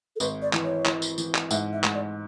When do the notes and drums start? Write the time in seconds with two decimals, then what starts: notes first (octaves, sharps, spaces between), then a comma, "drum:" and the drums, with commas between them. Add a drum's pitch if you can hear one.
0.16 A4
0.20 G#1 B4, drum: tambourine
0.42 D5
0.53 E3, drum: clap
0.64 C#5
0.85 E3, drum: clap
1.02 drum: tambourine
1.18 E3, drum: tambourine
1.35 drum: clap
1.51 G#2 E5, drum: tambourine
1.73 E5
1.84 G#2, drum: clap
1.94 D5